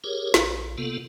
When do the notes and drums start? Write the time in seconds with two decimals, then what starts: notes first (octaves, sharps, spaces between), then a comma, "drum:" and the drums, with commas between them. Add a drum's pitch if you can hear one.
0.04 G4 G#4 A#4 C#5
0.34 A#1, drum: snare
0.78 C3 A#3 B3 F4 A4